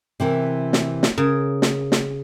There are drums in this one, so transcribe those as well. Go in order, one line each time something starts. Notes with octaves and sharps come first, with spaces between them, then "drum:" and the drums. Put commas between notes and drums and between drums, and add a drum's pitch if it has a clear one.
C3 E3 A#4
drum: snare
drum: snare
C#3 A#4
drum: snare
drum: snare